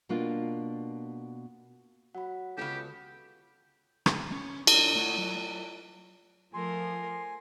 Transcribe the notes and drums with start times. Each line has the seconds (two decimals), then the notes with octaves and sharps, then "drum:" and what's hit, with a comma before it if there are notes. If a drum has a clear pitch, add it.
0.09 B2 A#3 D4 F4
2.15 F#3 F#5 B5
2.57 C#2 C#3 B3 G4 A4
4.06 drum: rim click
4.32 C#4
4.67 D4 G4, drum: cymbal
4.95 A3 F#5
5.18 F#3
6.54 F3 A3 A#4 G#5 C6